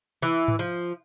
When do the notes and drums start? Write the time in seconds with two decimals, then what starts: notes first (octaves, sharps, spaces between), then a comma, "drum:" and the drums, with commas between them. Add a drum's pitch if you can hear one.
0.22 E3
0.48 drum: tom G#2
0.59 F3